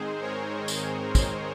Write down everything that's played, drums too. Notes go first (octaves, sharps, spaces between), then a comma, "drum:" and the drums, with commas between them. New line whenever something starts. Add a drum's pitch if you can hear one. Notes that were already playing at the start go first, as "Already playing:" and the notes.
Already playing: G#2 D#3 G#3 C4 D#4 G#4 C5
A#4 C#5
drum: tambourine
drum: kick, tambourine